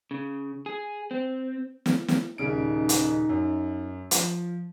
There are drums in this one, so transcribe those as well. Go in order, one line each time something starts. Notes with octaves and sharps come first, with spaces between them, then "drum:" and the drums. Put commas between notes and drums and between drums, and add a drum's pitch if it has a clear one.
C#3
G#4
C4
drum: snare
drum: snare
D#1 C#3 D#4 D7
drum: hi-hat
F#2
F3, drum: hi-hat